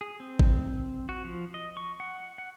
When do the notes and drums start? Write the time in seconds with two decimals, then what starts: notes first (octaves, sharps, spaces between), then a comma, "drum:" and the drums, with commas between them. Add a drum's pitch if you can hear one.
0.01 G#4
0.20 C4
0.39 drum: kick G#1
1.09 F#4
1.25 F3
1.54 D#5
1.77 C#6
2.00 F#5
2.38 F#5